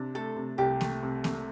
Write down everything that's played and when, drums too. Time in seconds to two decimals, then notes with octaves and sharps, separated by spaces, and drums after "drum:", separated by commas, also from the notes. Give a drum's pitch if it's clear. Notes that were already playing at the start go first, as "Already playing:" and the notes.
Already playing: C3 D4
0.15 A3 A4
0.36 C3
0.58 C2 G4
0.81 A3, drum: snare A#3
1.02 C3
1.24 A3, drum: snare A#3